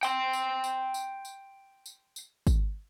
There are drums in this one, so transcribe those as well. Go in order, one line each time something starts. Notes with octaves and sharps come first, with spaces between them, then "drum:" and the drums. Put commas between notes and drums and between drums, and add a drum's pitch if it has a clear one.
G5 C6, drum: tambourine
drum: tambourine
drum: tambourine
drum: tambourine
drum: tambourine
drum: tambourine
drum: tambourine
drum: kick, tambourine